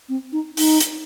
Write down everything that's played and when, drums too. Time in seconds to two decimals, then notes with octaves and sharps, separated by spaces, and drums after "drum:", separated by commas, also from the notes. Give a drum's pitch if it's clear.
0.09 C4
0.33 D#4
0.57 D#4, drum: open hi-hat
0.80 drum: hi-hat